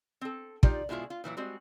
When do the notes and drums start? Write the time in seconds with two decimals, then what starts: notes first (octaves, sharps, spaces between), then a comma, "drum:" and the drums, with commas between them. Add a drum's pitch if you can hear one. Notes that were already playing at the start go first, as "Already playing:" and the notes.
0.21 C4 A4
0.63 D#4 F4 G4 D5, drum: kick
0.89 B2 G#3 E4 F4 G#4
1.10 F4
1.24 A#2 E3 F#3 E4
1.37 G3 G#3 C4 F#4